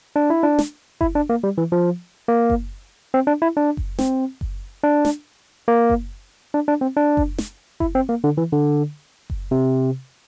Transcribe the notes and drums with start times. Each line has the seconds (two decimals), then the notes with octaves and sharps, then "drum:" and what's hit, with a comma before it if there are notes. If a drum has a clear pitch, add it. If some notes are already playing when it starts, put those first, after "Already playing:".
0.16 D4
0.30 E4
0.43 D4
0.59 drum: snare
1.01 E4, drum: kick F#1
1.15 D4
1.29 A#3
1.44 G3
1.58 E3
1.72 F3
2.28 A#3
2.50 drum: kick F#1
3.14 C4
3.27 D4
3.42 E4
3.57 D4
3.77 drum: kick F#1
3.99 C4, drum: snare
4.41 drum: kick F#1
4.84 D4
5.05 drum: snare
5.68 A#3
5.90 drum: kick F#1
6.54 D4
6.68 D4
6.81 C4
6.96 D4
7.17 drum: kick F#1
7.38 drum: snare
7.80 E4, drum: kick F#1
7.95 C4
8.09 A#3
8.24 D3
8.37 E3
8.52 D3
9.30 drum: kick F#1
9.51 C3